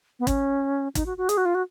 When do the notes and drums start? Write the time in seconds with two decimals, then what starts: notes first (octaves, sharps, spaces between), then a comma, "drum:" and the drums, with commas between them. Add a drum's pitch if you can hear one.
0.20 B3
0.27 C#4, drum: kick, hi-hat
0.95 D#4, drum: kick, hi-hat
1.06 F#4
1.18 F#4
1.29 G#4, drum: hi-hat
1.37 F#4
1.45 F4
1.55 F#4